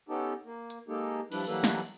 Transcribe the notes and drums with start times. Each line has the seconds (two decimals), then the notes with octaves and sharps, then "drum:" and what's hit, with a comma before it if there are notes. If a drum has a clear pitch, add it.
0.09 B3 C#4 D#4 G4 A4
0.45 A#3
0.70 drum: hi-hat
0.88 G#3 A#3 D#4 G4 A4
1.32 F3 G3 D4 E4 B4, drum: cymbal
1.47 E3 F#3 G3 A#3 A4 B4, drum: hi-hat
1.64 drum: snare